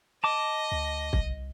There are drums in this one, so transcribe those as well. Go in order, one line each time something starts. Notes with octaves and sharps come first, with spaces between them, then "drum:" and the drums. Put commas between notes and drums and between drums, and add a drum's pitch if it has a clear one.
D#5 A5 D6
D2
C2, drum: kick